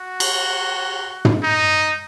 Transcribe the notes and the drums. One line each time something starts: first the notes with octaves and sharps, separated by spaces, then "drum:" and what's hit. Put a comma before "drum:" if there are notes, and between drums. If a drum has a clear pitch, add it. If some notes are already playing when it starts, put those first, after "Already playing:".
Already playing: F#4
drum: cymbal
drum: tom
D#4